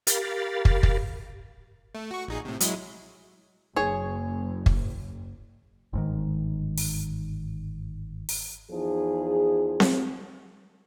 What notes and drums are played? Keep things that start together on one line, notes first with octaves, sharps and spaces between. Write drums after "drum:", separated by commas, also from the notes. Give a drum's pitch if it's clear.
G4 A#4 F5 B5 A6, drum: hi-hat
drum: kick
drum: kick
A3
F#4 C#6
A#1 D#4 G#4
A2 C3
F#3 G#3 E4, drum: hi-hat
F#1 G#4 C#5
drum: kick
G1 G#2 D#3
drum: open hi-hat
drum: open hi-hat
E2 F3 D#4 G#4
drum: snare C4